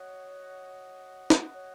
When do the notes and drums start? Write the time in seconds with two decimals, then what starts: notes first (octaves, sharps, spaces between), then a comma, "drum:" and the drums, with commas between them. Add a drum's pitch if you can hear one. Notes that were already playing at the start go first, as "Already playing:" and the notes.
Already playing: F#4 C#5 D#5 F#5
1.30 drum: snare
1.54 C#5